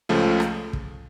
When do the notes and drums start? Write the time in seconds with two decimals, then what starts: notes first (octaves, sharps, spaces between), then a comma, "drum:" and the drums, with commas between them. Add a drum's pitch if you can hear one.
0.09 C#2 C#3 F3 A3
0.40 drum: rim click
0.73 drum: kick